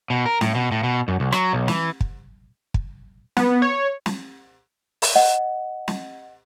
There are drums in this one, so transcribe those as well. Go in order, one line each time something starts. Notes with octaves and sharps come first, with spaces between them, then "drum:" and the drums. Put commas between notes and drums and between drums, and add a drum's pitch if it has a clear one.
B2
A#4
A2, drum: snare
B2
A2
B2
F#2
C2
F#3, drum: rim click
B1
E3, drum: snare
drum: kick
drum: kick
B3, drum: snare
C#5
drum: snare
drum: open hi-hat
D#5 F#5
drum: snare